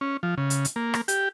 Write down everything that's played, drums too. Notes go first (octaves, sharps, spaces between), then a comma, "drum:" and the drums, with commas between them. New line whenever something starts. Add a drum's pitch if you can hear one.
C#4
F3
C#3
drum: hi-hat
drum: hi-hat
A#3
drum: rim click
G4, drum: hi-hat